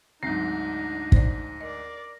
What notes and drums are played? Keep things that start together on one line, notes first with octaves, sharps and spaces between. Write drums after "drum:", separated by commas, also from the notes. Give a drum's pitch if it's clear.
D2 G#2 F#3 C4 D4 D#4 A#6 C7
C5 D5, drum: kick
A#4 D5 D#5